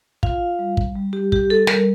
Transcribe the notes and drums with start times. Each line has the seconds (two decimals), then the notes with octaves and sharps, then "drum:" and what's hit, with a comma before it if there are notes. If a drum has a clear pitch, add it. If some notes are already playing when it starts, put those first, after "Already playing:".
0.23 F4 F5, drum: kick
0.59 G3
0.77 drum: kick
0.95 G3
1.13 G4
1.32 G3 G4, drum: kick
1.50 A4
1.67 G3 A#4, drum: snare